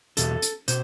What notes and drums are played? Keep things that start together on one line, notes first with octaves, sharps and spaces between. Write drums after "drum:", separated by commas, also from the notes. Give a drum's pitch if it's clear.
E2 B2 A4, drum: hi-hat
drum: hi-hat
B2 C5, drum: hi-hat